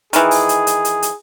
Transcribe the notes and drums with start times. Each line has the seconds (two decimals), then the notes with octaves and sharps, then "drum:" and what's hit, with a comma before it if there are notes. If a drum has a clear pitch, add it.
0.13 D#3 E3 G#4, drum: hi-hat
0.31 drum: open hi-hat
0.49 drum: hi-hat
0.67 drum: hi-hat
0.85 drum: hi-hat
1.02 drum: hi-hat